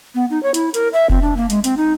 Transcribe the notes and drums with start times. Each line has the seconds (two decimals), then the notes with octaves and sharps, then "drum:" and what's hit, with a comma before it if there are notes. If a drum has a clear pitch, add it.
0.15 B3
0.30 D#4
0.43 C#5
0.54 E4, drum: hi-hat
0.74 A#4, drum: hi-hat
0.93 E5
1.10 C4, drum: kick F1
1.22 D4
1.37 A#3
1.50 G#3, drum: hi-hat
1.64 C4, drum: hi-hat
1.77 D#4